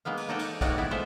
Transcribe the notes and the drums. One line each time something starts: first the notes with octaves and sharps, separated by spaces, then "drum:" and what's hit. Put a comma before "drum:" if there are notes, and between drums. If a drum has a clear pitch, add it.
G#3 A#3 B3 F5
drum: cymbal
A#3 D#4 A4 D5 F#5 G5
drum: cymbal
B2 D#3 G#3 A#3 F#4 D5, drum: kick, cymbal
B3 E4
G#3 A3 F4 A4 C5 E5